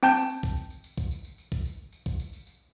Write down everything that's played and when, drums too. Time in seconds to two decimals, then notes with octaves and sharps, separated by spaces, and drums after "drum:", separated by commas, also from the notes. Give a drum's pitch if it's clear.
0.03 C4 G5 A5 G6, drum: tambourine
0.16 drum: tambourine
0.30 drum: tambourine
0.43 drum: kick, tambourine
0.57 drum: tambourine
0.70 drum: tambourine
0.84 drum: tambourine
0.98 drum: kick, tambourine
1.11 drum: tambourine
1.25 drum: tambourine
1.38 drum: tambourine
1.52 drum: kick, tambourine
1.65 drum: tambourine
1.93 drum: tambourine
2.06 drum: kick, tambourine
2.20 drum: tambourine
2.33 drum: tambourine
2.47 drum: tambourine